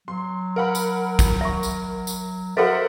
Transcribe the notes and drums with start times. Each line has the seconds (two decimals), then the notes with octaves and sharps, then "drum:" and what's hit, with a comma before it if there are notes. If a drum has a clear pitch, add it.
0.08 F#3 C6
0.56 A#4 F#5 B5
0.75 drum: tambourine
1.19 drum: kick A1, tambourine
1.41 E5 C#6
1.63 drum: tambourine
2.07 drum: tambourine
2.57 F#4 A4 A#4 C5 D#5 E5 F#5